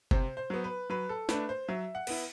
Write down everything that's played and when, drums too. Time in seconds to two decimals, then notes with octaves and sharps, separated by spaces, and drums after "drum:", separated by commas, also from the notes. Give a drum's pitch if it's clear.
0.11 C3 C5, drum: kick F#1
0.37 C5
0.50 F#3 B3
0.64 B4
0.90 F#3 B4
1.09 A4
1.29 A3 D4 B4, drum: snare
1.49 C5
1.68 F#3 E5
1.95 F#5
2.07 B3 E4, drum: cymbal